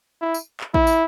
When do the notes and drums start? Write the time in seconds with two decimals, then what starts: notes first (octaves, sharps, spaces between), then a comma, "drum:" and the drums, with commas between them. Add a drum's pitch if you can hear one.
0.22 E4
0.34 drum: tambourine
0.61 drum: clap
0.74 E4, drum: kick
0.87 drum: tambourine